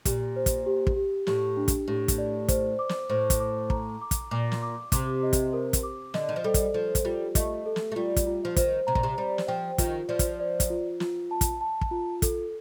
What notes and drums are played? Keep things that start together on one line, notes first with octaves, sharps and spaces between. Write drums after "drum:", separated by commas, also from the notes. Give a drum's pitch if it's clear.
A#2 G4, drum: kick, hi-hat
C5
drum: kick, hi-hat
G4
drum: kick
G4
A2 G4, drum: snare
D4
drum: kick, hi-hat
A2 G4
drum: kick, hi-hat
D5
C5, drum: kick, hi-hat
D6
drum: snare
A2 C5
drum: kick, hi-hat
D6
A#5, drum: kick
D6
drum: kick, hi-hat
A#2 D6
drum: snare
D6
C3 D6, drum: kick, hi-hat
D#5
drum: kick, hi-hat
A#4
drum: kick, hi-hat
D6
D3 D#5, drum: snare
D#3
F3
G3 A4
drum: kick, hi-hat
F3 A4
drum: kick, hi-hat
G3 F4
A3 D#5, drum: kick, hi-hat
A4
drum: snare
A3
G3 F4
drum: kick, hi-hat
F4
F3
D#3 C5, drum: kick, hi-hat
C3 A#5
A#2, drum: kick
C3
G3 C5
drum: snare
F3 G5
D#3 F4, drum: kick, hi-hat
F3 D5
drum: kick, hi-hat
D5
drum: kick, hi-hat
F4
F4, drum: snare
A5
drum: kick, hi-hat
A5
drum: kick
F4
A4, drum: kick, hi-hat